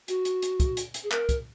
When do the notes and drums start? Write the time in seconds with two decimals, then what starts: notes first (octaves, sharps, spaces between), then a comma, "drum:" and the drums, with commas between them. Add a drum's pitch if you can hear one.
0.08 F#4, drum: hi-hat
0.25 drum: hi-hat
0.42 drum: hi-hat
0.60 drum: kick, hi-hat
0.77 drum: hi-hat
0.94 drum: hi-hat
1.04 G#4
1.11 A#4, drum: clap
1.29 drum: kick, hi-hat